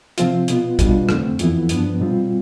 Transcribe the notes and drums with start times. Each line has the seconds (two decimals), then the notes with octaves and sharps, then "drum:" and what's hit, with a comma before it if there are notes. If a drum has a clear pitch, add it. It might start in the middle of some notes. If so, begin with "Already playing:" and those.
0.18 C3 F3 C4 F4, drum: hi-hat
0.48 B2 B3 F4, drum: hi-hat
0.79 B2 G3 D4 F4, drum: kick, hi-hat
1.09 F2 D3 A3 C4, drum: rim click
1.39 F2 E3 B3 E4, drum: hi-hat
1.69 G2 F3 B3 D4, drum: hi-hat
2.00 B2 G3 C4 F4